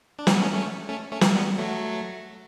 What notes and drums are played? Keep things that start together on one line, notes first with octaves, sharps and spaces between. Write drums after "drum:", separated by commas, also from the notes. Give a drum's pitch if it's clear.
D4
C#4, drum: snare
B3
A3 C#4
A3 C#4
A3 C#4
A3 C#4
drum: snare
G3 B3
F#3 A3